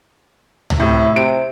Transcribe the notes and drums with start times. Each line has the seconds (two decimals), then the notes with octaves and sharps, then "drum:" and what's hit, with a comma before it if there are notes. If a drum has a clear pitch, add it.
0.70 drum: tom C#2
0.80 A2 C3 E4
1.16 C3 D7